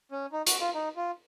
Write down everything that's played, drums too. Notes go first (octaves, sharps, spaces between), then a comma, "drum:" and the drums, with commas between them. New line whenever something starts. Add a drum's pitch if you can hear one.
C#4
D#4
F#4, drum: hi-hat
F4
D#4
F4